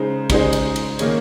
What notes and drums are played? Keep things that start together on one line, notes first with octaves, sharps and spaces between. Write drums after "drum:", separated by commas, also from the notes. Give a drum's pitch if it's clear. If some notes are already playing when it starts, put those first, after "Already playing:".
Already playing: C#3 G#3 D#4 C5
C#3 G#3 D#4 G#4 C5, drum: kick, cymbal
drum: cymbal
drum: cymbal
D#3 A#3 D#4 G#4 C#5, drum: cymbal